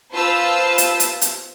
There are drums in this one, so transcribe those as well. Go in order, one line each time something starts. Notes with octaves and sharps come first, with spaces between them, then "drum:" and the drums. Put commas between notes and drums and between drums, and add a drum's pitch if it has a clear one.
F4 B4 C5 A5 E6
drum: hi-hat
drum: hi-hat
drum: hi-hat